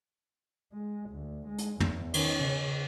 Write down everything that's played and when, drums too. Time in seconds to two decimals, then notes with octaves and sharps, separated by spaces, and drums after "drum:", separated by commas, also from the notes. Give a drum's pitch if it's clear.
0.73 G#3
1.10 D2
1.48 G#3
1.58 drum: hi-hat
1.80 E2, drum: tom
2.14 D#3 C#4, drum: cymbal
2.44 C#3